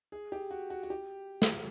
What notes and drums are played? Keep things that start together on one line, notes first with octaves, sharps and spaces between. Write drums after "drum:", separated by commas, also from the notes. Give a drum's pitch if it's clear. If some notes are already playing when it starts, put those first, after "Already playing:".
G#4
G4
F#4
F#4
F#4
G4
drum: snare